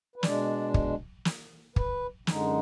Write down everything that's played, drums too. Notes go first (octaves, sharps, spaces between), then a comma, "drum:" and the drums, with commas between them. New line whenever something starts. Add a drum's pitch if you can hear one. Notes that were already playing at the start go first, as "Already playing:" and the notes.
B4
B2 G#3 D4 D5, drum: snare
drum: kick
drum: snare
B4, drum: kick
F#2 D3 G#3 D#4, drum: snare